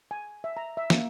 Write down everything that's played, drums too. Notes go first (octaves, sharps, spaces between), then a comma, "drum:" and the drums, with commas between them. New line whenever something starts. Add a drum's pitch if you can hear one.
G#5
E5
A#5
E5
A#3, drum: snare